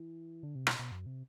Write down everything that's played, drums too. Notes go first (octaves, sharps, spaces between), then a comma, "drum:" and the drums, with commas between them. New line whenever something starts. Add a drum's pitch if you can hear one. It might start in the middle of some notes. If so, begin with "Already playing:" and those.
Already playing: E3
D3
C3
B2, drum: rim click
B2
F#2
C3